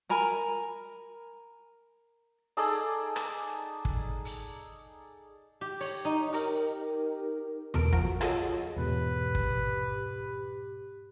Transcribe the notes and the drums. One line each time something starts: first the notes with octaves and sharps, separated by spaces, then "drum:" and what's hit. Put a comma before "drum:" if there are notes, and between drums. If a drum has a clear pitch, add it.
A#4 G#5 A#5 B5
D#4 G#4 A4 D5, drum: open hi-hat
drum: rim click
drum: kick
drum: hi-hat
G4
C#5, drum: open hi-hat
D#4
D#4 G4 A#4, drum: hi-hat
C#2 B2 A4 A#4 D7, drum: tom E2
F3 F#4 A#4, drum: kick
F4 F#4 G#4 A4 C#5 D#5, drum: rim click
E2 G#2 B2 G4 B4
drum: kick